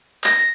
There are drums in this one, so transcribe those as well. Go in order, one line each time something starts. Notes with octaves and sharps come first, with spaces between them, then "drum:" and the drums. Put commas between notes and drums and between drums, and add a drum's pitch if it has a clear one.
A#6, drum: clap